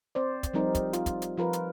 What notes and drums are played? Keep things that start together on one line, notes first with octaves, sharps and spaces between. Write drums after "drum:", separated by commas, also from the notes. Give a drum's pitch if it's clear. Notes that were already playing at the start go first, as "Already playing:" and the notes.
C4 C5 D5
drum: kick, hi-hat
F3 G3 C4 D#4 A#4 D5
drum: kick, hi-hat
F4, drum: hi-hat
drum: kick, hi-hat
drum: hi-hat
F3 F4 A#4 B4
drum: hi-hat